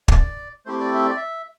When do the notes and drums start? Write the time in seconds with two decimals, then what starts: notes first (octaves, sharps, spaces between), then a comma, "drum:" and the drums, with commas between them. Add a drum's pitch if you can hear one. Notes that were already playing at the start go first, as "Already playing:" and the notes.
0.08 D5, drum: kick
0.66 A3 C4 E4 G4 C5
0.81 D5
0.95 E5
1.06 D5
1.16 E5